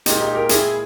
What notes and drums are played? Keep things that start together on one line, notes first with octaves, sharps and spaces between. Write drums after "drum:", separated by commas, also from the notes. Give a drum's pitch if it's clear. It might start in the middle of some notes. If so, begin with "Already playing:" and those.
A#2 G#3 D#4 G4, drum: hi-hat
D#4 G4
G4 A#4
E4 G#4, drum: hi-hat